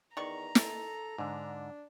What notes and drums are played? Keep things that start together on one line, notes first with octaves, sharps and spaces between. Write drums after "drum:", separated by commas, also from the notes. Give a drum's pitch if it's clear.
E2 D#3 D5 A#5 C#6
A4, drum: snare
G#2 D3 D4